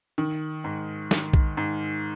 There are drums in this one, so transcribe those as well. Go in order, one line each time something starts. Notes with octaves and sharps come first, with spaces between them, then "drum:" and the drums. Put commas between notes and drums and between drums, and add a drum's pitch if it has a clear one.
D#3
G#2
D#3, drum: snare
drum: kick B1
G#2